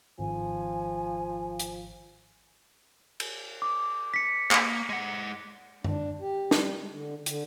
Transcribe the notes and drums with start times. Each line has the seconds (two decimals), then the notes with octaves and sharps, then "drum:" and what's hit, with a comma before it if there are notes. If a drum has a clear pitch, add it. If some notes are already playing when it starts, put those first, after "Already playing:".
0.19 G#1 F3 G#5
1.59 drum: hi-hat
3.20 drum: cymbal
3.62 D6
4.14 B6 C#7
4.51 A#3, drum: clap
4.89 G#3 F#5
5.84 D4, drum: tom F#2
6.21 G4
6.51 G3, drum: snare
6.79 G#3
6.92 D3
7.26 D3, drum: hi-hat